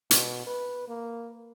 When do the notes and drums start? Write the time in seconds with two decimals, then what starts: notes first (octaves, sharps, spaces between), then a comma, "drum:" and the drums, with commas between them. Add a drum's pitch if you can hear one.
0.11 B2, drum: hi-hat
0.47 B4
0.88 A#3